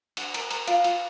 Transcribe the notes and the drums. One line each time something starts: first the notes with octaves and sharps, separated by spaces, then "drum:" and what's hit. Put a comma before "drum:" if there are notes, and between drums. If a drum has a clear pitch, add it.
D4 F#5, drum: cymbal
A#4, drum: cymbal
A#4, drum: cymbal
F4 F5, drum: cymbal
F4, drum: cymbal